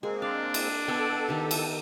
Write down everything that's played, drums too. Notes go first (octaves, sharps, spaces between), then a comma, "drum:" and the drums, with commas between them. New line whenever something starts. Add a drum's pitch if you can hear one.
G#3 A#3 C4 G#4
D4 F5
drum: cymbal
B3 A4 G5 G#5
D#3 G4
drum: cymbal